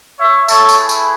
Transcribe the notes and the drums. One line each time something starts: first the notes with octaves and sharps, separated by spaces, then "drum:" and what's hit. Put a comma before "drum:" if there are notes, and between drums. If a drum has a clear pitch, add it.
C#5 E5
A3 E4 A4 C#5, drum: tambourine
drum: tambourine
G#4 B4
drum: tambourine